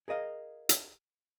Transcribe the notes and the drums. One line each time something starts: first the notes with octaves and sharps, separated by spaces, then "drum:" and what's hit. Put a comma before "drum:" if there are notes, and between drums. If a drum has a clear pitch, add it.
G#4 A#4 D#5 F5
drum: hi-hat